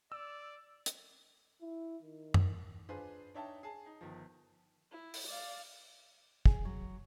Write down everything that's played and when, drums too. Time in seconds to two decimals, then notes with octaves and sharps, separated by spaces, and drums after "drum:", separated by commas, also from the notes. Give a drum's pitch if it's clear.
0.12 D5 E6
0.86 drum: hi-hat
1.61 E4
2.02 D#3
2.34 drum: tom F#2
2.89 D4 F4 G#4 B4 C5
3.34 D4 D#4 C#5 E5 G5 A5
3.63 G#4 A5
3.86 D#4
4.01 G1 D#3 F3
4.91 E4
5.14 drum: open hi-hat
5.27 D5 F5
6.46 G#4, drum: kick
6.65 F#3